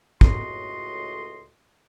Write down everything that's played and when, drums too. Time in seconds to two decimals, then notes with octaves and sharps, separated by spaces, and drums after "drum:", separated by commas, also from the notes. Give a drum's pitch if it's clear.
0.21 C#2 A2 F#4 A4 D#5 C6, drum: kick